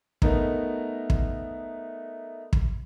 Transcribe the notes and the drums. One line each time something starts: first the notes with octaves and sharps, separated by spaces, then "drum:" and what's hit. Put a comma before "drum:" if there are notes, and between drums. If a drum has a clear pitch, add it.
A3 B3 D#4 A#4, drum: kick
drum: kick
drum: kick